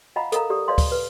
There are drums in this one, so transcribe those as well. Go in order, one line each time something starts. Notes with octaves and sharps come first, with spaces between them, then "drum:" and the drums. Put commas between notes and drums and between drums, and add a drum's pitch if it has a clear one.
F4 D#5 F5 F#5 A#5 B5
A4 A#4 D#5 F5 A#5, drum: hi-hat
G4 A4 D5 D#6
B4 C5 D5 D#5 F5 C6
drum: kick, open hi-hat
B4